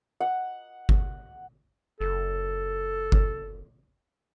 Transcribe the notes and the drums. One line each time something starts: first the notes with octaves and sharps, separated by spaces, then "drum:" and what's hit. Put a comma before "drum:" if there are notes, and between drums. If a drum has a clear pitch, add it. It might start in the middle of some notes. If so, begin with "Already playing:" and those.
F#5
drum: kick G1
F#1 A4
drum: kick G1